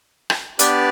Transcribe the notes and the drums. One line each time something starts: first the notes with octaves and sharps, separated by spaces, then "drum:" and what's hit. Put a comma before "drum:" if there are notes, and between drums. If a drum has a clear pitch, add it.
drum: rim click
B3 D4 G4 B4 D5, drum: hi-hat